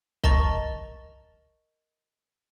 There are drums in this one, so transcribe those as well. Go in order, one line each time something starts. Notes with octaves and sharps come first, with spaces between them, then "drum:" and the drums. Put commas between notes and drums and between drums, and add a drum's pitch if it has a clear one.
A#4 D#5 A5 A#5 C#6 A6, drum: kick B1